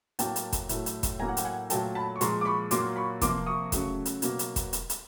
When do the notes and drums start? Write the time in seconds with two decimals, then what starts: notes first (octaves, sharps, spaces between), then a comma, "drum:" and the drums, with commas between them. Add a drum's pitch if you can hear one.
0.19 A2 F#3 A#3 G5 A5, drum: hi-hat
0.36 drum: hi-hat
0.52 drum: kick, hi-hat
0.69 A2 F#3 A3, drum: hi-hat
0.86 drum: hi-hat
1.03 drum: kick, hi-hat
1.19 A2 F#3 A#3 G#5 A#5
1.28 F#5
1.37 G5, drum: hi-hat
1.45 F#5 G#5
1.70 A#2 F#3 A3 G5 A5, drum: hi-hat
1.95 A5 B5
2.16 C#6
2.21 A#2 F3 G#3 A#5 C6, drum: hi-hat
2.41 D6
2.45 B5 C#6
2.71 A#2 F#3 A#3 C6 D6, drum: hi-hat
2.96 B5 C#6
3.21 C3 F3 A#3 C6 D6, drum: kick, hi-hat
3.46 C#6 D#6
3.72 C#3 F#3 A3, drum: kick, hi-hat
4.05 drum: hi-hat
4.22 B2 F#3 A#3, drum: hi-hat
4.39 drum: hi-hat
4.56 drum: kick, hi-hat
4.73 drum: hi-hat
4.90 drum: hi-hat